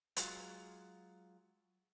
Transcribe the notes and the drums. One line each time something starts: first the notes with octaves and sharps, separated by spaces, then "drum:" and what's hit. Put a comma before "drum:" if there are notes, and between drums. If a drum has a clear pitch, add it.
F#3 G#3 F4, drum: hi-hat